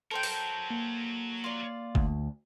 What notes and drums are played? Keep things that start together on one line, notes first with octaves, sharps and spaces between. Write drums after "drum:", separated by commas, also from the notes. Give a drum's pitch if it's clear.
F#3 A4 A#4 C5 G5
drum: open hi-hat
A#3
F4 D5
D2, drum: kick G1